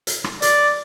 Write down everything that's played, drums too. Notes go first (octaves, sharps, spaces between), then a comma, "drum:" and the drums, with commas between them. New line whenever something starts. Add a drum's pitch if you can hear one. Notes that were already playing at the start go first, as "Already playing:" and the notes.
drum: hi-hat
drum: rim click
D5, drum: hi-hat